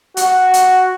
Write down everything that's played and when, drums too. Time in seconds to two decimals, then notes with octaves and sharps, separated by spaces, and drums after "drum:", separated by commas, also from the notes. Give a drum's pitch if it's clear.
0.17 F#4, drum: hi-hat
0.54 drum: hi-hat